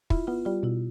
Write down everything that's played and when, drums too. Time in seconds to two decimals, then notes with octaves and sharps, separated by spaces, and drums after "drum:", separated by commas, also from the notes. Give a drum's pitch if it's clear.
0.10 E4 F4, drum: kick
0.27 B3 F4
0.45 G3 F4
0.63 B2 E4